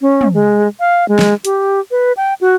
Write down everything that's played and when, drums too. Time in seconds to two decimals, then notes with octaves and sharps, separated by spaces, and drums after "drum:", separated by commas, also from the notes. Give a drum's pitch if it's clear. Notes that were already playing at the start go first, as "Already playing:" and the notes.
0.01 C#4
0.21 drum: tom
0.34 G#3
0.80 F5
1.09 G#3
1.19 drum: snare
1.45 G4, drum: hi-hat
1.91 B4
2.17 G5
2.41 F#4